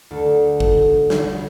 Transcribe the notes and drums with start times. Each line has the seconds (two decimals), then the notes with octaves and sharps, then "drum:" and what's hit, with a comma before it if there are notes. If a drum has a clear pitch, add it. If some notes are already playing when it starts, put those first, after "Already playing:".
0.11 D2 A4
0.60 drum: kick
1.10 drum: snare